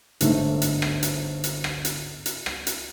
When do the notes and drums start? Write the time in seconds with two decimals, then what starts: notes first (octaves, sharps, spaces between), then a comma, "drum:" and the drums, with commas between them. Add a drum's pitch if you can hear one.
0.21 G1 G#2 A3, drum: hi-hat
0.62 drum: hi-hat
0.82 drum: rim click
1.03 drum: hi-hat
1.44 drum: hi-hat
1.64 drum: rim click
1.85 drum: hi-hat
2.26 drum: hi-hat
2.46 drum: rim click
2.67 drum: hi-hat